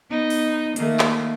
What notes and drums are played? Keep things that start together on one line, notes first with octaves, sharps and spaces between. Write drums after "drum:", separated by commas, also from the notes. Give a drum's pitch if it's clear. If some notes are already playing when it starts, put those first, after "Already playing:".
B3 D#4
drum: open hi-hat
D#3 A3 A#3, drum: hi-hat
drum: clap